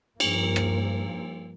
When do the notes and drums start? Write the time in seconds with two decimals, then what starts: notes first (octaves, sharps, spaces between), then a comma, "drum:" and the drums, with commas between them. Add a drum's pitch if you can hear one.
0.20 G2 F3 A#3, drum: cymbal
0.56 drum: rim click